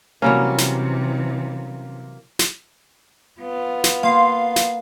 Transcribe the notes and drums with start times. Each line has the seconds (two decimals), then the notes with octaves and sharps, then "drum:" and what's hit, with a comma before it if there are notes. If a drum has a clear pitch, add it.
0.22 C3 E3 F#3 G3 A#3 C#4
0.58 drum: snare
2.39 drum: snare
3.41 B3 F4
3.84 drum: snare
4.03 A#3 F5 C6
4.56 drum: snare